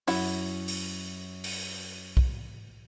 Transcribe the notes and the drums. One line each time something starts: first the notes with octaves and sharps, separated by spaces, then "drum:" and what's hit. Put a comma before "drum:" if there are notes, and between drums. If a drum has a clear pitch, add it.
F#2 E4 F#5, drum: open hi-hat
drum: open hi-hat
drum: open hi-hat
drum: kick B1